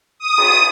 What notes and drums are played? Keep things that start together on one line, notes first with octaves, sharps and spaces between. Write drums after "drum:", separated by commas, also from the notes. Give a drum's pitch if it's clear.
D#6
drum: cymbal